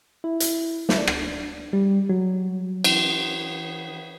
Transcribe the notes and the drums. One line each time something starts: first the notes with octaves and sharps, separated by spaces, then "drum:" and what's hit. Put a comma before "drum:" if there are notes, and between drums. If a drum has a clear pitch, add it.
E4
drum: hi-hat
E4, drum: snare
D4
drum: rim click
G3
F#3
E3, drum: cymbal